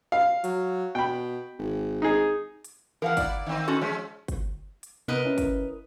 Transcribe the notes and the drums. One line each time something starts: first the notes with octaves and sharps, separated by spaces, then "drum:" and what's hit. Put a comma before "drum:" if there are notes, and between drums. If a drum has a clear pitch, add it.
F5
F#3, drum: hi-hat
B2 G5 B5
G#1
D#4 G#4
drum: hi-hat
E3 A#4 F5 F#5
E4 D5, drum: kick, hi-hat
D#3 C4
C#4 F#4 A4
F3 G#3 C#4
drum: kick, hi-hat
drum: hi-hat
C3 B3 A#4 B4 D#5
C#4 E4
drum: kick, hi-hat